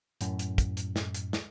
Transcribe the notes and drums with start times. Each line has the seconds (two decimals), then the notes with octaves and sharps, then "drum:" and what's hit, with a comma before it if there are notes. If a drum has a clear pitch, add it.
0.21 F#2 A2, drum: hi-hat
0.39 drum: hi-hat
0.58 drum: kick, hi-hat
0.77 drum: hi-hat
0.96 drum: snare
1.14 drum: hi-hat
1.33 drum: snare